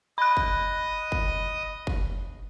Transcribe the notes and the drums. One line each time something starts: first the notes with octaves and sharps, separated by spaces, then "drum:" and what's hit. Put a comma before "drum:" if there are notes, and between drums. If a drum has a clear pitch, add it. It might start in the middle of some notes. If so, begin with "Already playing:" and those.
D#5 B5 F#6
drum: kick
drum: kick
drum: kick